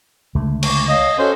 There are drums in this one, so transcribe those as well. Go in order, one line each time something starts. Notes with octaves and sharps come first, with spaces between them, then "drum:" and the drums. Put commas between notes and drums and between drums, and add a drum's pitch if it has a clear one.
C#2 D3 A3
C#6 D6, drum: cymbal
C#5 D#5 F5
C#4 F#4 A4 C5 C#5